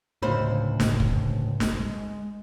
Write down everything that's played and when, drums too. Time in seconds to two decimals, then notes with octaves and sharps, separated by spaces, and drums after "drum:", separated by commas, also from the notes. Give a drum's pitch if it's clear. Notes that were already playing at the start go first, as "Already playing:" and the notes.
0.23 C#2 A2 D3 C5 B5
0.80 drum: snare
1.00 drum: kick
1.60 drum: snare
1.80 G#3